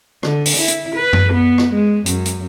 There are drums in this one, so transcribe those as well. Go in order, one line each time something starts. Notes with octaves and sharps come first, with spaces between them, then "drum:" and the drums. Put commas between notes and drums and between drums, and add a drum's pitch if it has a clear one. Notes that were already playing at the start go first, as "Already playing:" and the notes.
D3, drum: rim click
drum: open hi-hat
E4
drum: hi-hat
B4
drum: tom F#2
B3
drum: rim click
G#3
F#2, drum: hi-hat
drum: hi-hat